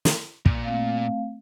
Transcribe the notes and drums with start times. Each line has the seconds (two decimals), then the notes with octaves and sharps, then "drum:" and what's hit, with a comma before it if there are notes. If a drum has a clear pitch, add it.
0.05 drum: snare
0.46 A#2, drum: kick
0.64 A3 C4 F5